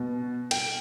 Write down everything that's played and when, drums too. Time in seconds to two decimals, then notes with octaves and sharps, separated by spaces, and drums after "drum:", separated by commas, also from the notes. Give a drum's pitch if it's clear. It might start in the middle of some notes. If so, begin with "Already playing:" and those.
Already playing: B2
0.51 G5, drum: cymbal